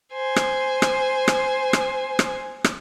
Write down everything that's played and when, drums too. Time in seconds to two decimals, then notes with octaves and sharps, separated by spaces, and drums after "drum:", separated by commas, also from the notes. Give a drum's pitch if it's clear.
0.14 C5 G#5
0.36 drum: rim click
0.82 drum: rim click
1.28 drum: rim click
1.73 drum: rim click
2.19 drum: rim click
2.64 drum: rim click